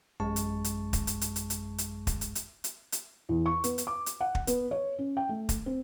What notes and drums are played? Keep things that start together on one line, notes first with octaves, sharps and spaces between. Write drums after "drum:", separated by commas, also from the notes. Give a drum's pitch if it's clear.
A1 F#2 G#3 A5 C#6
drum: hi-hat
drum: hi-hat
drum: kick, hi-hat
drum: hi-hat
drum: hi-hat
drum: hi-hat
drum: hi-hat
drum: hi-hat
drum: kick, hi-hat
drum: hi-hat
drum: hi-hat
drum: hi-hat
drum: hi-hat
E2
C#6
B3, drum: hi-hat
drum: hi-hat
D6
drum: hi-hat
F#5
drum: kick
B3, drum: hi-hat
C#5
C#4
G5
A3
drum: kick, hi-hat
C4